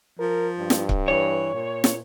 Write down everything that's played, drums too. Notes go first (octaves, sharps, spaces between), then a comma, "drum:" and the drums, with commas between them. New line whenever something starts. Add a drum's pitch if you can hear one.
F3 A#4
G2
drum: snare
drum: kick C#1
E3 C#5
A#2
drum: snare